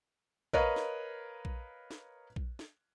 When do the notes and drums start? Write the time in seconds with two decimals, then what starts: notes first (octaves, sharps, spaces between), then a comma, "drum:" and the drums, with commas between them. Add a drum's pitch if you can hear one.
0.53 A#4 B4 C#5 D#5 F5, drum: kick A#1
0.76 drum: snare
1.45 drum: kick A#1
1.91 drum: snare
2.36 drum: kick A#1
2.59 drum: snare